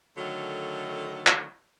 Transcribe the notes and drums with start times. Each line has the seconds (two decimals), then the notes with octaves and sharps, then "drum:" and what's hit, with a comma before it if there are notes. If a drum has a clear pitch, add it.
0.17 D3 D#3 F#3 A3
1.27 drum: clap